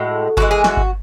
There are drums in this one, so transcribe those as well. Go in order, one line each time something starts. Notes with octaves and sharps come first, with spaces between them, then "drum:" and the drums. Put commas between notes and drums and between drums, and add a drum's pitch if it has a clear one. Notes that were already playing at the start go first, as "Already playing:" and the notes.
Already playing: A2 G#3 F#4
A2 E3 G#3 F#4, drum: kick G1
G#4
F#4, drum: snare
drum: kick G1